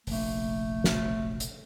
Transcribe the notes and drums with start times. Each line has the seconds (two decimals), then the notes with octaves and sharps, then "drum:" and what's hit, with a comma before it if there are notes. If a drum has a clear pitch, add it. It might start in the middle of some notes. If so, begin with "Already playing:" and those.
0.07 F1 A#1 A3, drum: open hi-hat
0.84 drum: snare
1.40 drum: hi-hat